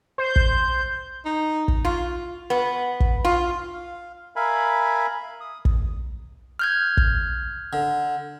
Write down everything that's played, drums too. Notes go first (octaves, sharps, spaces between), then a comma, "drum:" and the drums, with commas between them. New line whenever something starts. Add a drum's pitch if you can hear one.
C5 G6
drum: kick
D#4
drum: kick
F4
B3
drum: kick
F4
F5
A#4 E5 F5 G#5 B5
D#6
drum: kick
F6 G6 G#6
drum: kick
D3